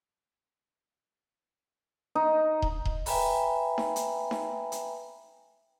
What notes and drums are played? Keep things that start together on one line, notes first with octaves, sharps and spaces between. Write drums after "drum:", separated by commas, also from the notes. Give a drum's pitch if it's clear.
D#4
drum: kick D#1
drum: kick D#1
B4 E5 G5 G#5 A#5 B5, drum: open hi-hat
drum: snare D#4
drum: hi-hat
drum: snare D#4
drum: hi-hat